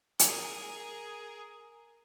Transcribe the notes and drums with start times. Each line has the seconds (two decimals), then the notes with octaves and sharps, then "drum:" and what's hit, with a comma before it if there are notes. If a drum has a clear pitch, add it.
0.19 G#4 A#4, drum: hi-hat